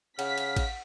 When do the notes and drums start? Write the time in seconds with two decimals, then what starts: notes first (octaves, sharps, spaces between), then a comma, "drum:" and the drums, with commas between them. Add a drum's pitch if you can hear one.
0.19 C#3 F5 F#5 F6 B6, drum: cymbal
0.38 drum: cymbal
0.56 drum: kick A1, cymbal